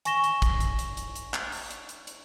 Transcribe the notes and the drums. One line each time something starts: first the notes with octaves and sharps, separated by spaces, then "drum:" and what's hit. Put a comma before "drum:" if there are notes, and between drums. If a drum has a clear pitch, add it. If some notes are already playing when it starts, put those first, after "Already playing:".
G#5 C#6 A#6 E7 G7, drum: hi-hat
drum: hi-hat
drum: kick, hi-hat
drum: hi-hat
drum: hi-hat
drum: hi-hat
drum: hi-hat
drum: clap
drum: open hi-hat
drum: hi-hat
drum: hi-hat
drum: hi-hat